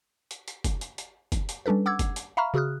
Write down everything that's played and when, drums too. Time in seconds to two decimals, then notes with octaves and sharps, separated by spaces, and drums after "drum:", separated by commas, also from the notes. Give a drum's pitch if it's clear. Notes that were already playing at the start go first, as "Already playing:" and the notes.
0.31 drum: hi-hat
0.48 drum: hi-hat
0.64 drum: kick F#1, hi-hat
0.81 drum: hi-hat
0.98 drum: hi-hat
1.32 drum: kick F#1, hi-hat
1.49 drum: hi-hat
1.66 G3 C#4 D4 A4 B4
1.86 F#5 D6 E6 G#6
1.99 drum: kick F#1, hi-hat
2.16 drum: hi-hat
2.37 E5 F5 A#5 B5 C#6 F6
2.54 C#3 F#4 G#4 D#6 F6 F#6